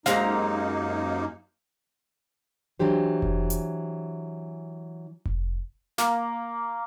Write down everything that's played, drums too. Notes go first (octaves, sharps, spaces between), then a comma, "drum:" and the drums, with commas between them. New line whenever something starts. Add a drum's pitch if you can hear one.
F#2 G#3 A#3 C4 D#4 G4 F5 A#5, drum: snare
E3 F#3 D4 G4 C5
drum: kick F1
drum: hi-hat
drum: kick F1
A#3, drum: snare